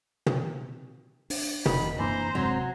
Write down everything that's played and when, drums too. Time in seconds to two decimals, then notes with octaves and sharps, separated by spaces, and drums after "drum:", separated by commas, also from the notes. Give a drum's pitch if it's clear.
0.26 drum: tom
1.30 D4, drum: open hi-hat
1.66 F1 D#4 F#4 A#4 B5, drum: tom
1.99 F#2 E3 A#3 D4 C5 A#5
2.35 D#1 C3 F#3 G#3 C4